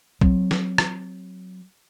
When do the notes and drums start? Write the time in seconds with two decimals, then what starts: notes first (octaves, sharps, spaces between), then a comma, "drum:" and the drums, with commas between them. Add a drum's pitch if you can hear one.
0.21 F#3 C4, drum: kick B1
0.51 drum: snare
0.78 drum: rim click